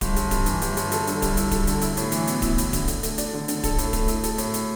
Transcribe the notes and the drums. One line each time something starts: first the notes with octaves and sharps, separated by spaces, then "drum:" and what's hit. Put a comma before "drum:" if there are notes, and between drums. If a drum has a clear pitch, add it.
G1, drum: kick D1, hi-hat
G1, drum: hi-hat
G2, drum: kick D1, hi-hat
E3, drum: hi-hat
G1, drum: hi-hat
G1, drum: hi-hat
A4, drum: hi-hat
D3, drum: hi-hat
G3, drum: kick D1, hi-hat
E4, drum: hi-hat
A4, drum: kick D1, hi-hat
D3, drum: hi-hat
E4, drum: hi-hat
A2, drum: hi-hat
E3, drum: hi-hat
B3, drum: hi-hat
E4, drum: kick D1, hi-hat
A2, drum: hi-hat
D3, drum: kick D1, hi-hat
D3, drum: hi-hat
A3, drum: hi-hat
D4, drum: hi-hat
D3
D3, drum: hi-hat
A4, drum: kick D1, hi-hat
A2, drum: hi-hat
A3, drum: kick D1, hi-hat
E4, drum: hi-hat
A4, drum: hi-hat
A2, drum: hi-hat
drum: hi-hat